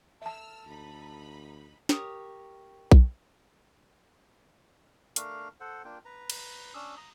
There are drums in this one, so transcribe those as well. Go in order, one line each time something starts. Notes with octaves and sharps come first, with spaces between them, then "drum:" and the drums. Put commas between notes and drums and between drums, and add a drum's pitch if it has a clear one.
A4 E5 A5 E6 F6
D2 D#4 B5
G4 A#4 C#5 D#6, drum: snare
drum: kick B1
A3 D4 A#4 F5, drum: hi-hat
A4 C5 F#5
A#3 D4 F4 G5
B4 A#5
drum: cymbal
C#4 D4 D#6 E6
A#5 D#6